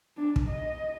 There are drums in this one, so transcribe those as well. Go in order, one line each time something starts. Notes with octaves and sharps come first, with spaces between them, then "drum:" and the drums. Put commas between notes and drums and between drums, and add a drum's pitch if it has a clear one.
D4
drum: kick
D#5